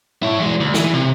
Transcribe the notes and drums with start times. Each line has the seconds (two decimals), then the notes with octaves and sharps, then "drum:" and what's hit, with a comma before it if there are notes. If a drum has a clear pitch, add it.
0.23 E4 C#5
0.38 E3 G#3
0.60 D2
0.74 E3, drum: snare
0.94 C3